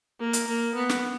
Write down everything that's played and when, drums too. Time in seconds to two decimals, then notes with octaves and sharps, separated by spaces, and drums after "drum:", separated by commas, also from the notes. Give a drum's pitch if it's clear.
0.20 A#3
0.33 drum: hi-hat
0.47 A#3
0.75 B3
0.89 drum: snare